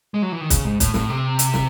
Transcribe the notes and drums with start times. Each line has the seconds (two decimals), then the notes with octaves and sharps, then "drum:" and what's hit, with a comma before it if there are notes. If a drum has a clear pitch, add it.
0.14 G#3
0.22 F#3
0.32 E3
0.41 D#3
0.50 C#3, drum: kick, hi-hat
0.65 G#2
0.80 A2, drum: kick, hi-hat
0.94 A2, drum: snare
1.10 C3
1.39 drum: hi-hat
1.54 drum: snare